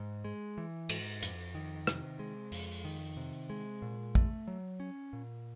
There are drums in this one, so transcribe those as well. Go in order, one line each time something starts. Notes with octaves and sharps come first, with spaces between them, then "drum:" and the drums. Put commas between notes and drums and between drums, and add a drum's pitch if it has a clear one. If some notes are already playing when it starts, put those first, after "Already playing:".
Already playing: G#2
G#3
E3
G#2, drum: cymbal
F2, drum: hi-hat
D#3
C3, drum: rim click
G#3
F2, drum: open hi-hat
D#3
C3
G#3
A#2
A3, drum: kick A#1
F#3
C#4
A#2